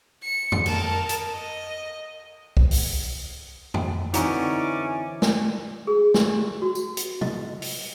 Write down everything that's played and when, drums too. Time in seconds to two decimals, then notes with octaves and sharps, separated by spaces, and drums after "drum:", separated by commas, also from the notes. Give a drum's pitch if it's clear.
0.23 C#7
0.52 drum: tom F2
0.66 A#4 A5, drum: cymbal
1.09 drum: hi-hat
1.33 D#5
2.57 drum: kick B1
2.71 drum: open hi-hat
3.74 drum: tom F2
4.14 D3 E3 C4 C#4 D#4 E4 F#4 D5, drum: hi-hat
5.22 drum: snare A3
5.87 G#4
6.14 G4, drum: snare A3
6.62 F#4
6.75 drum: tambourine
6.97 drum: hi-hat
7.21 D#5, drum: tom
7.62 drum: open hi-hat